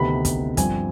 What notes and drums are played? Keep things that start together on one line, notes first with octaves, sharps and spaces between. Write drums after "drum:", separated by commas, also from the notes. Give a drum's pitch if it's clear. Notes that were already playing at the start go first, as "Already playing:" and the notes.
Already playing: D2 C3 D#3 B3 B5
drum: kick, hi-hat
G2 F3 C4 G#5, drum: kick, hi-hat